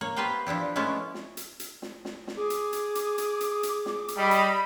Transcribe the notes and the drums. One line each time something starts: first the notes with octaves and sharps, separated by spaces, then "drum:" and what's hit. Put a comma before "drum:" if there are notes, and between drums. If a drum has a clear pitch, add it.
A#3 C#5
B3 G4 B4 C5 F5 G5
F3 D4 E4 G4
G#3 A3 B3 C#4 E4
drum: snare
drum: hi-hat
drum: hi-hat
drum: snare
drum: snare
drum: snare
G#4 D6
drum: hi-hat
drum: hi-hat
drum: hi-hat
drum: hi-hat
drum: hi-hat
drum: hi-hat
drum: snare
drum: hi-hat
G3 D#5 B5
drum: hi-hat